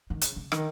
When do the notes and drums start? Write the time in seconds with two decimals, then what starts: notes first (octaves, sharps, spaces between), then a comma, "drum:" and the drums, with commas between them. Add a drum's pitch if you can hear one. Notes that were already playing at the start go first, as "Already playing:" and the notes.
0.10 D#3
0.21 C#3, drum: hi-hat
0.36 C#3
0.52 D#3, drum: rim click